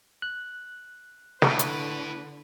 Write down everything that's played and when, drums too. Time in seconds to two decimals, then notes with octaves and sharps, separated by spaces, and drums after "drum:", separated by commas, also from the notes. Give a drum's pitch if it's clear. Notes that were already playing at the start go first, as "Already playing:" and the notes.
0.22 F#6
1.42 A2 D3 B4, drum: snare
1.59 drum: hi-hat